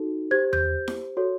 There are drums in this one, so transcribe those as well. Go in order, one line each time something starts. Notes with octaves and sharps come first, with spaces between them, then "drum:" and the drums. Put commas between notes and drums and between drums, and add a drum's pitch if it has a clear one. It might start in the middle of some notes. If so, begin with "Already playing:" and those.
Already playing: D#4 F#4 A4
G4 C5 G#6
G6, drum: tom E2
drum: snare E4
F#4 A4 C#5